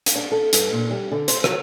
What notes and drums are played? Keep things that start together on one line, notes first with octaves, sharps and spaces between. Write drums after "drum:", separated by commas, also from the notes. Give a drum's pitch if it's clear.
drum: hi-hat
D4
A4
G2, drum: hi-hat
A#2
G3
D3
C5, drum: hi-hat
F#3, drum: rim click